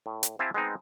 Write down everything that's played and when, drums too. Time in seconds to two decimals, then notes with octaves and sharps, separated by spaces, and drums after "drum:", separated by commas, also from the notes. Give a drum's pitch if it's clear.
0.06 A2
0.23 drum: hi-hat
0.39 C4 E4 G4 F5 G#5 A5
0.54 G#3 B3 C4 D#4